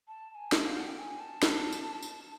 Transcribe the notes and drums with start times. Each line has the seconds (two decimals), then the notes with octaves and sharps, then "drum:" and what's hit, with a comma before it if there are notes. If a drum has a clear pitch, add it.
0.08 A5
0.30 A5
0.35 G#5
0.52 A5, drum: snare
0.66 F5
0.76 F#5
0.86 G5
0.98 G#5
1.20 A5
1.43 drum: snare
1.73 drum: tambourine
2.02 drum: tambourine